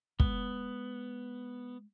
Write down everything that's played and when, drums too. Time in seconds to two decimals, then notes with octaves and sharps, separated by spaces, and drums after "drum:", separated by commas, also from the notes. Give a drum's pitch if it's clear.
0.20 G#3 B3, drum: kick